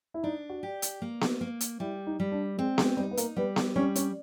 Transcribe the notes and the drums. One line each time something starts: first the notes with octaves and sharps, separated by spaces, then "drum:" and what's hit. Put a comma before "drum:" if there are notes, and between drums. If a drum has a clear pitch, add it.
E4
D4 D#4
F#4
G4
drum: hi-hat
A#3
drum: snare B3
A#3
drum: hi-hat
G3 E4
D#4
G3
D4
G#3 C4
G#3, drum: snare B3
G3 D#4
B3
A#3, drum: hi-hat
G3 B3
drum: snare B3
G3 C#4
C#4, drum: hi-hat